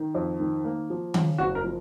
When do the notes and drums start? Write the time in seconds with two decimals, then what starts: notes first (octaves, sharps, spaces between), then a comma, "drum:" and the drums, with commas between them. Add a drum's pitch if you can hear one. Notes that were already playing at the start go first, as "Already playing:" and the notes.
Already playing: D#3
0.15 F2
0.40 D#3
0.64 A#3
0.90 F3
1.14 C#3, drum: tom D#3
1.38 F#1 F#4
1.55 A#4
1.64 F3